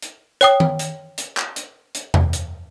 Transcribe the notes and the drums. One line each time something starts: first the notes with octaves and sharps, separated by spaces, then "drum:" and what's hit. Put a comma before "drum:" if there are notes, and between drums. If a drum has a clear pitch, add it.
drum: hi-hat
C#5 G5 D#6, drum: hi-hat
drum: tom D#3
drum: hi-hat
drum: hi-hat
drum: clap
drum: hi-hat
drum: hi-hat
drum: tom E2
drum: hi-hat